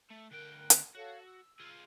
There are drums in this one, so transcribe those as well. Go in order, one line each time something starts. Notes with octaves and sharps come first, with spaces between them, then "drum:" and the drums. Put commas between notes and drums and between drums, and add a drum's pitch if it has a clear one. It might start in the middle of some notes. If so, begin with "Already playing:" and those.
A3
D2 A#4 G5 F#6
drum: hi-hat
F#4 A4 C#5 F5
E6
F4 G#4